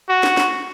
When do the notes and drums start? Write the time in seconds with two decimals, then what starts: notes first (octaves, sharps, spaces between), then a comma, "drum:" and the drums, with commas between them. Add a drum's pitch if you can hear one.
0.09 F#4
0.23 drum: snare
0.37 drum: snare